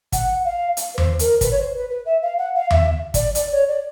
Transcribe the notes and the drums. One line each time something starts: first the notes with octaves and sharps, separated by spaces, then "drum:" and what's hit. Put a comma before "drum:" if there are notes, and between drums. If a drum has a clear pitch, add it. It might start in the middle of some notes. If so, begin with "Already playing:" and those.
F#5, drum: kick, hi-hat
F5
drum: hi-hat
B4
C5, drum: tom E2
A#4, drum: hi-hat
B4, drum: kick, hi-hat
C#5
C5
B4
B4
E5
F5
F#5
F5
E5, drum: tom E2
D5, drum: kick, hi-hat
D5, drum: hi-hat
C#5
D5